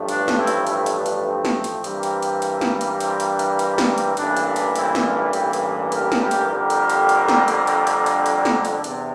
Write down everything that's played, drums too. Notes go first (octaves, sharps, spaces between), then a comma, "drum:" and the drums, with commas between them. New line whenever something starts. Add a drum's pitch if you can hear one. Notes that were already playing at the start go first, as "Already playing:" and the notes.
Already playing: A1 G2 F3 A3
D4, drum: hi-hat
drum: snare
C4 E4
drum: hi-hat
C4 E4, drum: hi-hat
drum: hi-hat
D4
drum: hi-hat
C4
drum: snare
drum: hi-hat
G2 E3 G3 A#3, drum: hi-hat
drum: hi-hat
drum: hi-hat
drum: hi-hat
drum: snare
drum: hi-hat
C4, drum: hi-hat
drum: hi-hat
D4
drum: hi-hat
C4, drum: hi-hat
drum: snare
drum: hi-hat
A1 G2 E3 A#3 D4, drum: hi-hat
drum: hi-hat
drum: hi-hat
C4 E4, drum: hi-hat
drum: snare
D4 F4
E4 G4, drum: hi-hat
drum: hi-hat
G4 A#4, drum: hi-hat
drum: snare
G4 A#4
drum: hi-hat
F2 D3 G3 A#3 G4 A#4
drum: hi-hat
drum: hi-hat
drum: hi-hat
drum: snare
drum: hi-hat
D4, drum: hi-hat
drum: hi-hat
drum: hi-hat
drum: hi-hat
drum: snare
drum: hi-hat
E2 C3, drum: hi-hat